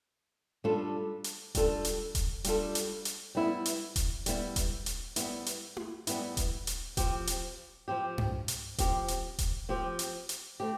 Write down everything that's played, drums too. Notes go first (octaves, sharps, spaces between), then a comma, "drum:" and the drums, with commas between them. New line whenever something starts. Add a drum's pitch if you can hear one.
G3 D4 F4 A4
drum: hi-hat
G3 D4 F4 A4, drum: kick D#1, hi-hat
drum: hi-hat
drum: kick D#1, hi-hat
G3 D4 F4 A4, drum: hi-hat
drum: hi-hat
drum: hi-hat
G3 B3 E4
drum: hi-hat
drum: kick D#1, hi-hat
G3 B3 E4, drum: hi-hat
drum: kick D#1, hi-hat
drum: hi-hat
G3 B3 E4, drum: hi-hat
drum: hi-hat
drum: tom E4
G3 B3 E4, drum: hi-hat
drum: kick D#1, hi-hat
drum: hi-hat
F3 C4 G4, drum: kick D#1, hi-hat
drum: hi-hat
F3 C4 G4
drum: tom G2
drum: hi-hat
F3 C4 G4, drum: kick D#1, hi-hat
drum: hi-hat
drum: kick D#1, hi-hat
F3 C4 G4
drum: hi-hat
drum: hi-hat
A3 C4 G4